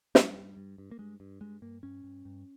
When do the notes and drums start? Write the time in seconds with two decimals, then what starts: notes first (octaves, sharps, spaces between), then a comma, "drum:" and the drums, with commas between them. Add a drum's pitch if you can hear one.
0.15 G2 G3, drum: snare
0.36 G2
0.57 G2
0.78 G2
0.91 A#3
0.99 G2 G#3
1.20 G2
1.41 G2 G#3
1.62 G2 A#3
1.83 G2 C#4
2.04 G2
2.25 G2